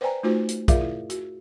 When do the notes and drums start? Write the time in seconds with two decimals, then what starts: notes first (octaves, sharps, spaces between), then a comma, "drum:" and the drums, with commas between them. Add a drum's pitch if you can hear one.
0.01 B4 C5 D5 G5 G#5 A#5
0.23 A3 D#4 F4 F#4 C5
0.49 drum: hi-hat
0.68 F4 G#4 A#4 D5 E5 F5, drum: kick, hi-hat
0.81 E4
1.10 F#4, drum: hi-hat